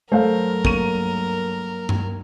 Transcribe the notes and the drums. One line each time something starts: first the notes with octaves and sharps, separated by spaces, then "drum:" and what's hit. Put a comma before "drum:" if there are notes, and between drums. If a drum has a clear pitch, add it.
G2 F#3 A3 A#4 C5 F5
A#3 C#6 D#7, drum: kick
drum: tom G2